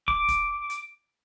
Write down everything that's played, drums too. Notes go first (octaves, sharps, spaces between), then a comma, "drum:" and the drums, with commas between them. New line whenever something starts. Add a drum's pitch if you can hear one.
D6, drum: kick
drum: kick, hi-hat
drum: hi-hat